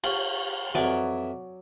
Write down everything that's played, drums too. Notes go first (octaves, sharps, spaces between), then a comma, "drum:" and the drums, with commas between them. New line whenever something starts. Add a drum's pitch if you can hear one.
F4 C#5, drum: cymbal
F2 E3 F#3 D5 G#5